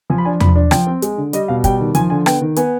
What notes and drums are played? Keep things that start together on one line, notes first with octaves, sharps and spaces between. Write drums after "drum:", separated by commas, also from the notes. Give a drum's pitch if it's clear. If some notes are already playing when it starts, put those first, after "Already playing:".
F3 G#5
B5
D4 G#5
F3 B5, drum: tom E2
D4
F3 G5, drum: rim click
C4
G#3, drum: hi-hat
D3
G3 D#5, drum: hi-hat
B2 F5
G3 G5, drum: kick, hi-hat
D#3
F3 G#5, drum: hi-hat
D3 G#5
B3 G5, drum: rim click
D#3
B3 G#5, drum: hi-hat